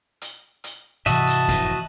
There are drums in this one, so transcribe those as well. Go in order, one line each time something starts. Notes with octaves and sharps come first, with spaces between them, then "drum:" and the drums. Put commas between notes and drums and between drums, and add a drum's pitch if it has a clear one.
drum: hi-hat
drum: hi-hat
G#2 C3 E3 F#4 D#5 E5 A5, drum: hi-hat
drum: hi-hat
F1 A2, drum: hi-hat